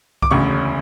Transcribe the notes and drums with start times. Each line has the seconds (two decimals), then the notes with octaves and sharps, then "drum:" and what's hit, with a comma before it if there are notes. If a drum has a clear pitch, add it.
0.22 D6, drum: kick C2
0.31 E1 D2 C#3 C#6